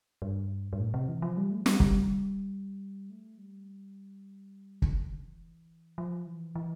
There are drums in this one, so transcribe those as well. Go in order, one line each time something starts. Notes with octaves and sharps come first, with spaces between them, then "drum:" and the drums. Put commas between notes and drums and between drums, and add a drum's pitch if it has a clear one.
G2
G2
A2
C3
E3
F3
G3
A3
F3
G3, drum: snare
G3, drum: kick
A3
G3
E3, drum: kick
F3
E3
E3